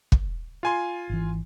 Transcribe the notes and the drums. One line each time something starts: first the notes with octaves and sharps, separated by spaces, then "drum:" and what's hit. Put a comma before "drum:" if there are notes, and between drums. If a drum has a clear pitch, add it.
drum: kick
F4 G#5 C6
G#1 E3